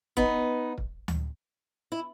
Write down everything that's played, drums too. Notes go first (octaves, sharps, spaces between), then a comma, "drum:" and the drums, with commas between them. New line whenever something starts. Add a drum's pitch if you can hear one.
B3 D#4, drum: kick
drum: kick
drum: tom D2
E4